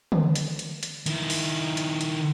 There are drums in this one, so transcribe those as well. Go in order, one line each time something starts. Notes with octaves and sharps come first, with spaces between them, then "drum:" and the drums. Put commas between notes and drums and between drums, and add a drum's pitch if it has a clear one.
drum: tom D3
drum: hi-hat
drum: hi-hat
drum: hi-hat
D#3 E4, drum: hi-hat
drum: open hi-hat
drum: hi-hat
drum: hi-hat